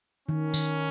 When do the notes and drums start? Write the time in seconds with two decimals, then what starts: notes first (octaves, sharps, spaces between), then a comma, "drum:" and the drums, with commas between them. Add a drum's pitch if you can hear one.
0.28 D#3 C#4
0.54 D#3, drum: tambourine